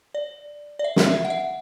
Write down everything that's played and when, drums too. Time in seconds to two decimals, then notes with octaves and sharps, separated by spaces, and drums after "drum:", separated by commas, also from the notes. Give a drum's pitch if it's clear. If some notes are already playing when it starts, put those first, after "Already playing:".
0.15 D5
0.79 D5
0.84 E5
0.96 drum: snare
1.07 E5
1.25 F#5
1.30 E5